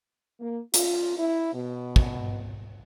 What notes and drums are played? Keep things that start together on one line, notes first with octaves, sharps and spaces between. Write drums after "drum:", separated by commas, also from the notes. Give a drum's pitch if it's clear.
A#3
F4, drum: hi-hat
E4
B2
drum: kick